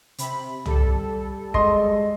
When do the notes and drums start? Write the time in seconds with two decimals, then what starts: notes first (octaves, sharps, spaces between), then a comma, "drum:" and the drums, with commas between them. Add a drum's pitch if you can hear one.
0.18 C3 B5, drum: hi-hat
0.66 G3 A4, drum: tom
1.54 G#3 D#5 C6, drum: kick